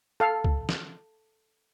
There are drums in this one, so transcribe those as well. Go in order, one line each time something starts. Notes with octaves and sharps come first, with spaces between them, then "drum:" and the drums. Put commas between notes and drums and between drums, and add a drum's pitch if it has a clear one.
A4 F5
drum: kick
drum: snare